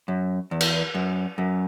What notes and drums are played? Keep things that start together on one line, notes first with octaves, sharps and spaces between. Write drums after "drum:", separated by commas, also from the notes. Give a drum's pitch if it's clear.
F#2
E2
drum: cymbal
F#2
F#2